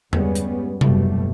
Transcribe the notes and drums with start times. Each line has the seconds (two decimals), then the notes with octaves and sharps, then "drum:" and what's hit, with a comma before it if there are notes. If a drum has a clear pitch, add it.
0.13 G2 G3 G#3 B3 C#4, drum: tom E2
0.35 drum: hi-hat
0.81 F#1 D#2 B2 G3 A3, drum: tom C3